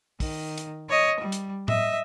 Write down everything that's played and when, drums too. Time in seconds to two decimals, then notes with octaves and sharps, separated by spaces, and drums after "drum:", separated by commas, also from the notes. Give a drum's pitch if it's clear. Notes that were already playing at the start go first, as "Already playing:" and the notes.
0.20 D#3, drum: kick, open hi-hat
0.58 drum: hi-hat
0.89 C#5 D#5
1.20 G3
1.32 drum: hi-hat
1.68 D#5 E5, drum: tom A2